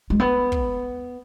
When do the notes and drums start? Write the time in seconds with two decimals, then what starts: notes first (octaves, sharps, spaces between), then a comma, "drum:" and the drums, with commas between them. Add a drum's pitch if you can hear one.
0.10 G#3
0.20 B3
0.52 drum: kick